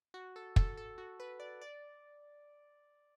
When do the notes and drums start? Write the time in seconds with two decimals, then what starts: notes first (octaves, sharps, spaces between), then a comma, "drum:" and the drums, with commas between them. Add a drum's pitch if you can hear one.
0.14 F#4
0.36 A4
0.56 A4, drum: kick
0.77 A4
0.98 F#4
1.20 B4
1.40 D5
1.61 D5